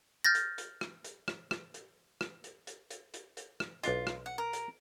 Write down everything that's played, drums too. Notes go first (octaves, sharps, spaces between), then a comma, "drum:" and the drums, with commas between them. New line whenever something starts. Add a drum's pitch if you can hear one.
F6 G6 A6 A#6
drum: hi-hat
drum: hi-hat
drum: rim click
drum: hi-hat
drum: rim click
drum: rim click
drum: hi-hat
drum: rim click
drum: hi-hat
drum: hi-hat
drum: hi-hat
drum: hi-hat
drum: hi-hat
drum: rim click
B1 D4 F4 D#5, drum: hi-hat
drum: rim click
F#5
A#4
drum: hi-hat